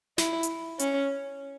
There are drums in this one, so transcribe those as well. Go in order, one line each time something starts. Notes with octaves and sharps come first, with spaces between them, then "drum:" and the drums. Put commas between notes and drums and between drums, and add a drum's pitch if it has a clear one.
E4, drum: snare
drum: hi-hat
C#4, drum: hi-hat